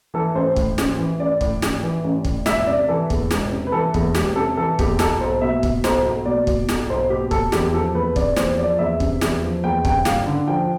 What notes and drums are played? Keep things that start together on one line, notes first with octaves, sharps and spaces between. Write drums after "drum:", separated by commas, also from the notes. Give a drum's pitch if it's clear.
E3 A4
A1 C5
A2, drum: kick
A1, drum: snare
E3
A1 D5
A2, drum: kick
A1, drum: snare
E3
A1
A2, drum: kick
E1 E5, drum: snare
C3 D5
E3 A4
E2, drum: kick
E1, drum: snare
C3
B4
E3 A4
E2, drum: kick
E1 G4, drum: snare
C3 A4
E3 A4
E2 G4, drum: kick
B1 A4, drum: snare
B1 C5
B2 E5
B2, drum: kick
B1 C5, drum: snare
B1
B2 D5
B2, drum: kick
B1, drum: snare
B1 C5
B2 G4
B2 A4, drum: kick
E2 G4, drum: snare
F3 A4
E2 B4
C3 D5, drum: kick
E2 C5, drum: snare
F3 D5
E2 E5
C3, drum: kick
E2, drum: snare
F3
E2 G5
C3 G5, drum: kick
G1 F5, drum: snare
D3
F3 G5